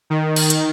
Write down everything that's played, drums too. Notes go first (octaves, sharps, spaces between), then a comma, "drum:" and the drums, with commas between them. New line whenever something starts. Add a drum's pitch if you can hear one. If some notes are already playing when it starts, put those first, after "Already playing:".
D#3
drum: cymbal
drum: hi-hat